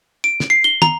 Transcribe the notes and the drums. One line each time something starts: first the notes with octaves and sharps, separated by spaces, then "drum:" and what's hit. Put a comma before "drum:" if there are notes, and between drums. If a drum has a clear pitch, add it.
D7
drum: snare
C7
G7
A#5, drum: tom